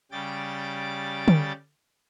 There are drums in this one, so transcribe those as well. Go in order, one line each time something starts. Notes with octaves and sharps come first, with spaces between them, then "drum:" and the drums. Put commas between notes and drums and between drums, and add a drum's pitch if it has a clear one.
C#3 G3 G5 D6 A6
drum: tom D3